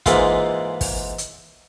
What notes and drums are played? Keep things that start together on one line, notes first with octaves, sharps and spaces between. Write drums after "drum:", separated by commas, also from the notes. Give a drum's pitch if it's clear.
G#2 E3 G#3 A#3 E4 F4, drum: kick, hi-hat
drum: kick, open hi-hat
drum: hi-hat